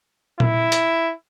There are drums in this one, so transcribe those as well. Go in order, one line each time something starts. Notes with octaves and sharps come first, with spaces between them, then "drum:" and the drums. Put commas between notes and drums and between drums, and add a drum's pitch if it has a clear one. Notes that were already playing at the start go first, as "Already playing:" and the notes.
E4, drum: tom A#2
drum: hi-hat